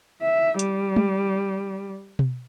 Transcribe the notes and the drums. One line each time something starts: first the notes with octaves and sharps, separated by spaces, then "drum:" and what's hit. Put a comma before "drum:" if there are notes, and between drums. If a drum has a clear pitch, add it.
E5
G3, drum: hi-hat
drum: tom
drum: tom B2